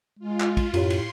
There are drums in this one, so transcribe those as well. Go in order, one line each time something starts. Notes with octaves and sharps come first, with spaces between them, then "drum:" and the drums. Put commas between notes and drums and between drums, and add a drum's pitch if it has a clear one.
G#3 F4
drum: clap
drum: kick, cymbal
F#2 A2 F4 G4 C#5 C6, drum: cymbal
drum: cymbal